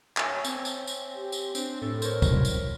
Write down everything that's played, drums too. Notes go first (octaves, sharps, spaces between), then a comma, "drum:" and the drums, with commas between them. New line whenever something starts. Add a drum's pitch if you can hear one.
C#5 E5 G#5, drum: clap
C4, drum: tambourine
drum: tambourine
drum: tambourine
G4
drum: tambourine
C4 D4, drum: tambourine
A2 A4
A#4 C5 C#5, drum: tambourine
drum: kick, tambourine
drum: tambourine